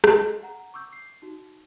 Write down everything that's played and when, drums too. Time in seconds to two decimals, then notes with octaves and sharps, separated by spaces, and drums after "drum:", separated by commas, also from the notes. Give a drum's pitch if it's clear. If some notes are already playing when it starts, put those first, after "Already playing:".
0.04 D#5 F5 F6 D7 E7, drum: rim click
0.43 F#5 A#5
0.74 C#6 D6 E6 G6
0.93 C7
1.22 D#4 F#4